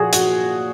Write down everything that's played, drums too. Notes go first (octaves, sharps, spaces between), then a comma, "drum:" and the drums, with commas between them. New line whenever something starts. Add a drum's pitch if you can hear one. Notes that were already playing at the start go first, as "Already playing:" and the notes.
Already playing: A#2 F3 F#4 G#4
F#4, drum: hi-hat